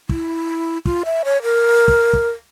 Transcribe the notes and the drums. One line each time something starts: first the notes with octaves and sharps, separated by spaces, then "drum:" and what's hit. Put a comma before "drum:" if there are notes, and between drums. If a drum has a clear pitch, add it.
E4, drum: kick
F4, drum: kick
E5
C#5
A#4
drum: kick
drum: kick